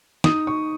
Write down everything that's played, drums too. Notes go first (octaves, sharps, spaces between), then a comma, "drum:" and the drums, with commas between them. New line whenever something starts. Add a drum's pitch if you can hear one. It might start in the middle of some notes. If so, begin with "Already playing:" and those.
D#4 D#6, drum: snare
C#6